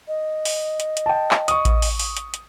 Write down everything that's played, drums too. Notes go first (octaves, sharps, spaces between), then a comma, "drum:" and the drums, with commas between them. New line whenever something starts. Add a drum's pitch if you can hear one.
D#5
drum: open hi-hat
drum: hi-hat
drum: hi-hat
G5 A5
drum: clap
C#6 D#6, drum: hi-hat
drum: kick A1, hi-hat
drum: open hi-hat
drum: open hi-hat
drum: hi-hat
drum: hi-hat